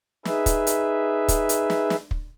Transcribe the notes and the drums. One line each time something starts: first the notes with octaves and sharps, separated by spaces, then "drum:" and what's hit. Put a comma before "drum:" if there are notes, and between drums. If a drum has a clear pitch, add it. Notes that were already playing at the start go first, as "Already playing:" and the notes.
D#4 G#4 B4 E5, drum: snare
drum: kick, hi-hat
drum: hi-hat
drum: kick, hi-hat
drum: hi-hat
drum: snare
drum: snare
drum: kick